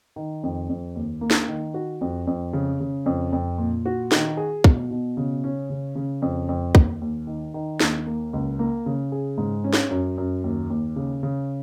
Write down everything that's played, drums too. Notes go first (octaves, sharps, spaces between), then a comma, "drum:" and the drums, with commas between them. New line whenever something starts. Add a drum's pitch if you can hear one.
D#3
F2
F2
D#2
A#3
drum: snare
D#3
F#4
F2
F2
C#3
C#3
F2
F2
A#2
F#4
D#3, drum: snare
G#4
B2, drum: kick
B2
C#3
C#4
C#3
C#3
F2
F2
D#2, drum: kick
D#2
D#3
D#3
D#2, drum: snare
A#3
C#2
A#3
C#3
G#4
G#2
C#4
drum: snare
F#2
F#2
D#2
D#2
C#3
C#3